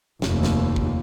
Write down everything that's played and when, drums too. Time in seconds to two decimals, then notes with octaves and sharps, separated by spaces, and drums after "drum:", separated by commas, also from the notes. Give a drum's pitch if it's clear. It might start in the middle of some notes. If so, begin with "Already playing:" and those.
0.22 F1 D#2, drum: snare
0.43 drum: snare
0.76 drum: kick